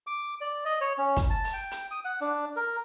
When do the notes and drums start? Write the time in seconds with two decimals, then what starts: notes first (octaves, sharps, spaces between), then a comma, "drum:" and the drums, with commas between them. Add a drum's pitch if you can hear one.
0.07 D6
0.41 D5
0.65 D#5
0.81 C#5
0.98 C#4
1.17 drum: kick, hi-hat
1.30 A5
1.44 drum: open hi-hat
1.53 G5
1.71 drum: hi-hat
1.91 D#6
2.05 F#5
2.21 D4
2.56 A#4